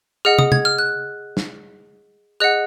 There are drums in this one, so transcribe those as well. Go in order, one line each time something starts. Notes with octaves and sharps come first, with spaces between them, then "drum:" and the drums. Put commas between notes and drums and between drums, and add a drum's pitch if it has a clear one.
G#4 D#5 F#5 F6
D#6, drum: tom
G#6, drum: tom
F6
F#6
drum: snare
G#4 D#5 F#5 F#6